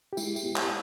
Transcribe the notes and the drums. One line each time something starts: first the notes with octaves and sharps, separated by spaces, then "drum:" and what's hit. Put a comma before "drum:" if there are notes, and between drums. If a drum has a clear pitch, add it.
G4
G#3 E4, drum: tambourine
G4, drum: tambourine
B3
G4, drum: clap